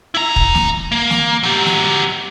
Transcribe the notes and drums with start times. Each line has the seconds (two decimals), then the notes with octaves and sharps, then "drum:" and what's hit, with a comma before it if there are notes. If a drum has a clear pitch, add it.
0.15 E4 A#5
0.36 drum: kick
0.55 drum: snare
0.92 A#3
1.10 drum: snare
1.43 F#3 G4
1.66 drum: snare